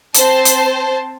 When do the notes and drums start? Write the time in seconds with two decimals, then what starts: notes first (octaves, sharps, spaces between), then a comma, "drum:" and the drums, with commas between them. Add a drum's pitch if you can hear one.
0.14 C4 C5 A5, drum: hi-hat
0.45 drum: hi-hat